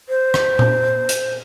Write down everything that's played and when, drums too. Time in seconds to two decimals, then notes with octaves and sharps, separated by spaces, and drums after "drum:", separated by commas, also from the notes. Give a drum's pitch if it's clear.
0.09 C5
0.34 drum: rim click
0.59 drum: tom A#2
1.09 drum: hi-hat